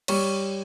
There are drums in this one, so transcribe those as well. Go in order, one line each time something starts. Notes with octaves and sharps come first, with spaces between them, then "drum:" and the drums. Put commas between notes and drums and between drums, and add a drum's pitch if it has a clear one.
G3 C#5 C#6, drum: cymbal